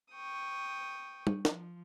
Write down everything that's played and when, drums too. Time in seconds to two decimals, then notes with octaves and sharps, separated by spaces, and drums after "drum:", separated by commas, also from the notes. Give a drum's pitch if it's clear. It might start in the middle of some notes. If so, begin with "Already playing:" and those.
0.12 G5 C#6 D#6
1.27 drum: tom G3
1.45 F3, drum: snare